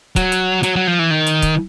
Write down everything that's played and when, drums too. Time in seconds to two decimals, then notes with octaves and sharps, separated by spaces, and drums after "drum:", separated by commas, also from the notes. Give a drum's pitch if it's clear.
0.16 F#3, drum: kick C#1, hi-hat
0.32 drum: hi-hat
0.63 F#3, drum: hi-hat
0.76 F#3
0.87 F3
0.99 E3
1.11 D#3
1.27 drum: hi-hat
1.42 drum: kick C#1, hi-hat